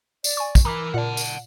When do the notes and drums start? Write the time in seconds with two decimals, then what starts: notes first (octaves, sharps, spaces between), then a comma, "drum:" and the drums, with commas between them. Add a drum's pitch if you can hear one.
0.24 D5, drum: tambourine
0.37 G#5 C#6
0.55 drum: kick, tambourine
0.65 E3 A#4 A#5 B5 D6
0.94 A#2 D5 F#5 A5
1.17 drum: tambourine